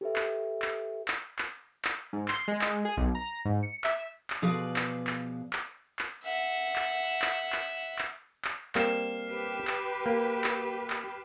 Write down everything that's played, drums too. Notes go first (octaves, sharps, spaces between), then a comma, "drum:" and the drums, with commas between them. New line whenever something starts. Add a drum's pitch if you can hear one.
G4 A4 B4 E5
drum: clap
drum: clap
drum: clap
drum: clap
drum: clap
G#2
C6, drum: clap
G#3
drum: clap
G#4
B1
A#5
G#2
C#7
E5, drum: clap
drum: clap
B2 F3 G#4 B4 D5 F5
drum: clap
drum: clap
drum: clap
drum: clap
E5 F#5
drum: clap
drum: clap
drum: clap
drum: clap
drum: clap
G3 A#3 C4 F6 C7 E7, drum: clap
G4 B4
drum: clap
A#3
drum: clap
drum: clap